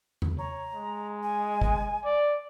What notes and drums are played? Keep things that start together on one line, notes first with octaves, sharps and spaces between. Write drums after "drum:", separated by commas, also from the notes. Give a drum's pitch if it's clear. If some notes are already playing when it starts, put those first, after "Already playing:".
drum: tom E2
C#5 A#5
G#3
G#5
drum: kick
D5